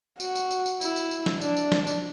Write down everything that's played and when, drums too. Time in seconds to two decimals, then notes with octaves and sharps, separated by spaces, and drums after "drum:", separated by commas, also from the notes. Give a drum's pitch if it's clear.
0.20 F#4, drum: tambourine
0.35 drum: tambourine
0.51 drum: tambourine
0.66 drum: tambourine
0.81 E4, drum: tambourine
0.96 drum: tambourine
1.11 drum: tambourine
1.26 drum: snare
1.41 D4, drum: tambourine
1.57 drum: tambourine
1.72 drum: snare
1.87 drum: tambourine